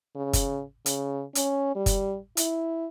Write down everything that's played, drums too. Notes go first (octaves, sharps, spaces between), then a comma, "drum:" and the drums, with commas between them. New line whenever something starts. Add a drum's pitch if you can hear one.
C#3
drum: kick F#1, hi-hat
C#3, drum: hi-hat
C#4, drum: hi-hat
G3
drum: kick F#1, hi-hat
E4, drum: hi-hat